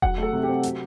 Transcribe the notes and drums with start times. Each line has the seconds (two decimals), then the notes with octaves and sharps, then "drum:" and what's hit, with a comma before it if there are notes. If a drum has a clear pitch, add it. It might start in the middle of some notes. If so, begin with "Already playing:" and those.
0.02 F#3 F#5, drum: kick E1
0.18 A3 A4
0.33 C3
0.43 G4
0.48 C4
0.63 F#3, drum: hi-hat